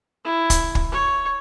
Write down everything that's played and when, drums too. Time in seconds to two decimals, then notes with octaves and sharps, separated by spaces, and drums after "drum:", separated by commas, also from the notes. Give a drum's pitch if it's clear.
0.25 E4
0.50 drum: kick, hi-hat
0.75 drum: kick
0.92 C#5